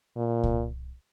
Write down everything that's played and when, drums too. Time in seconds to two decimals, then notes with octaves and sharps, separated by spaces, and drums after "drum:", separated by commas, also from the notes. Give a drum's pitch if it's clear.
0.16 A#2
0.43 drum: kick C2